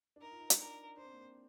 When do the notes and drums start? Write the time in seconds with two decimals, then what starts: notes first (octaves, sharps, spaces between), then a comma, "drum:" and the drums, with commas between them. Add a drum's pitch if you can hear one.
0.16 D4
0.22 D#4 A#4
0.31 F4
0.41 D#4
0.50 D4, drum: hi-hat
0.59 A#4
0.97 D4 C5
1.05 C4
1.13 A#3
1.21 C4